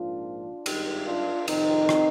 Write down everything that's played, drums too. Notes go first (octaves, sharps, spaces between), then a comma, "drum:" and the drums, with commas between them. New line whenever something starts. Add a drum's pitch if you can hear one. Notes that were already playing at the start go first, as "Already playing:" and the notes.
Already playing: A#1 G#2 F3 A#3 D4 F4
G#1 G2 D#3 D#4 G4, drum: cymbal
D4 F4
F2 C3 D#3 C4 D#4, drum: cymbal
drum: rim click